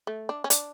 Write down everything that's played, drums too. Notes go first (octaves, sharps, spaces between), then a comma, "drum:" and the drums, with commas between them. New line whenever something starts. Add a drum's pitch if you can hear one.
A3
D4
C#4
D4, drum: hi-hat